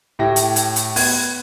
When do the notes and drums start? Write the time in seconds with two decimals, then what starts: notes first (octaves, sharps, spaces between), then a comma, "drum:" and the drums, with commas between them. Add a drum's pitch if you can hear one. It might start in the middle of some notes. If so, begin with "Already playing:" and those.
0.19 A2 E4 G4 A#6
0.36 drum: hi-hat
0.56 drum: hi-hat
0.76 drum: hi-hat
0.96 B3 G#6, drum: open hi-hat